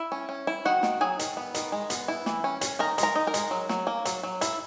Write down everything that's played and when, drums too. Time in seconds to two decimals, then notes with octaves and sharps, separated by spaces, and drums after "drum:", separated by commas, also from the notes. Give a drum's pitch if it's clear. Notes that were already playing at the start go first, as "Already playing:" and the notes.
Already playing: E4 E5
0.12 C#4
0.29 C#4
0.47 E4
0.65 D#3 F#4 F#5
0.83 D#3, drum: snare
1.01 F#3 G#4 G#5
1.19 D#3, drum: hi-hat
1.37 B3
1.54 D#3, drum: hi-hat
1.72 G#3
1.90 B3, drum: hi-hat
2.08 E4
2.26 E3, drum: snare
2.44 C#4
2.61 C#4, drum: hi-hat
2.79 D#3 A#4 A#5
2.98 G#3, drum: hi-hat
3.03 A#4 A#5
3.15 D#4
3.27 A#4 A#5
3.34 G#3, drum: hi-hat
3.51 F#3
3.69 F#3, drum: snare
3.87 A#3
4.05 F#3, drum: hi-hat
4.23 F#3
4.41 E4, drum: hi-hat